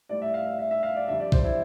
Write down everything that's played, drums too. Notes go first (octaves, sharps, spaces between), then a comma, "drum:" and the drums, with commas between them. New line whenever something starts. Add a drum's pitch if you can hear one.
A2 G3 D5
E5
F5
E5
E5
E5
F5
D5
F2 D3 G3 E5
D5
C5, drum: kick B1
E4